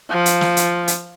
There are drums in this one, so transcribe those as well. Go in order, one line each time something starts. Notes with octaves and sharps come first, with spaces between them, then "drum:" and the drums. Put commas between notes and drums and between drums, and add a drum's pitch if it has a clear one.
F3
drum: hi-hat
drum: snare
drum: hi-hat
drum: hi-hat